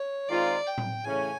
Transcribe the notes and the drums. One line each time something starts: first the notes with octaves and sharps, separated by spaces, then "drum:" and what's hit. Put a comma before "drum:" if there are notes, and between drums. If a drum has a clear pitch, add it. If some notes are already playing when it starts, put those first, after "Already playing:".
Already playing: C#5
D#3 G#3 C4 F4 D5
G5
drum: tom A2
C#3 E3 A3 C#4 G#5